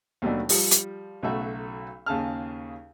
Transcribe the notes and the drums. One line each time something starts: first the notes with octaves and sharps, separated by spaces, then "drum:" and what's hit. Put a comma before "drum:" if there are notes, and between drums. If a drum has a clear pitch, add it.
D#2 B2 F#3 A3 D4
F3 G3, drum: open hi-hat
drum: hi-hat
B1 C#3 F#3 A3 F#4 E5
D#2 C#3 G#4 A5 F6